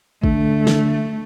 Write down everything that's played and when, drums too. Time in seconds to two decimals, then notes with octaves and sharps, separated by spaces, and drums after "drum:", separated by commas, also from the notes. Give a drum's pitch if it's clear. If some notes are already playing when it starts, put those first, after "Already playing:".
0.23 D3 A3, drum: kick
0.67 drum: snare